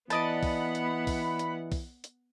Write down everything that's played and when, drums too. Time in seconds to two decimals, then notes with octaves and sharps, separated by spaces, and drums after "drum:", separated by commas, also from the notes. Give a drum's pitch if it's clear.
0.10 E3 B3 D5 D#5 F#5 A5 B5, drum: hi-hat
0.43 drum: kick, open hi-hat
0.75 drum: hi-hat
1.07 drum: kick, open hi-hat
1.39 drum: hi-hat
1.72 drum: kick, open hi-hat
2.04 drum: hi-hat